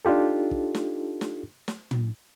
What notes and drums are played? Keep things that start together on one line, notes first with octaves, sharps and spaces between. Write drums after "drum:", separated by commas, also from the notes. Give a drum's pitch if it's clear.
D4 D#4 F4 G4 A4
drum: kick
drum: snare
drum: snare
drum: snare
drum: tom